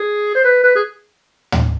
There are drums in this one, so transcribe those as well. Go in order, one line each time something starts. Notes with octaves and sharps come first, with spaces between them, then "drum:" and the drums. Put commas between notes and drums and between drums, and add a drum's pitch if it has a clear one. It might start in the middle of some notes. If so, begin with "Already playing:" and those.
Already playing: G#4
C5
B4
B4
G#4
drum: tom